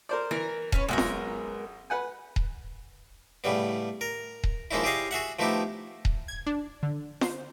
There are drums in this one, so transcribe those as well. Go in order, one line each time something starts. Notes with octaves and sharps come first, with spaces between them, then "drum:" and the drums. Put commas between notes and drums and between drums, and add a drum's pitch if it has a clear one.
A#4 C5 D5
E3 A#4
C#4 B4 C#5, drum: kick D#1
B1 F#2 G#3 B3 A#4
drum: snare
B4 F#5 G#5
drum: kick D#1
A2 C#3 G3 B3
A#4
drum: kick D#1
F3 G#3 A#3 C#4 D#4 E4
E4 G4 G#4 C#5 D#5 F5
F#4 G#4 E5 F#5
F3 A3 B3 D#4 E4 G4
drum: kick D#1
G#6
D4
D3
C5, drum: snare